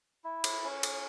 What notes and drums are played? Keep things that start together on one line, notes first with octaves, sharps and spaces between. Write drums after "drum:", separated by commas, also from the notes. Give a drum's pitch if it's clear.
E4
drum: cymbal
C#4
drum: cymbal